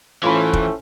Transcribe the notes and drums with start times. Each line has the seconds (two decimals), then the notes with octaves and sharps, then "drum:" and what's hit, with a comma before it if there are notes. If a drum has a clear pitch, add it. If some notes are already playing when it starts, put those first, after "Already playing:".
0.23 A2 E3 A3 C#4 F4 C5 B5
0.53 drum: kick